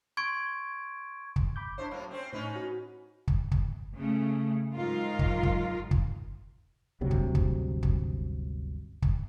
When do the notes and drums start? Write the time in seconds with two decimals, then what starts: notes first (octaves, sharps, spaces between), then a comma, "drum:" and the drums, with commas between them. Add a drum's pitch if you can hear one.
0.17 C6 C#6 G#6 D7
1.36 drum: kick
1.56 B5 D6 G6
1.78 D4 E4 C5 C#5
1.91 F#2 A2 A#3
2.11 C4 C#4 C5
2.33 A2 C#4 D#4 B4
2.56 F#4
3.28 drum: kick
3.51 drum: kick
3.95 C#3 A3
4.74 G#2 D#3 F#3 F4 A#4
5.19 drum: kick
5.43 drum: kick
5.91 drum: kick
7.01 G1 D2 C3 F#3
7.11 drum: kick
7.35 drum: kick
7.83 drum: kick
9.02 drum: kick